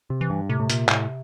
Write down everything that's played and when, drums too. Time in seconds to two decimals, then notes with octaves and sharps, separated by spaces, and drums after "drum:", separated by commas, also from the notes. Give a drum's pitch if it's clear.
0.10 C3
0.21 E3
0.30 G2
0.49 A2 C3
0.60 A2
0.70 A#2, drum: hi-hat
0.89 A2, drum: clap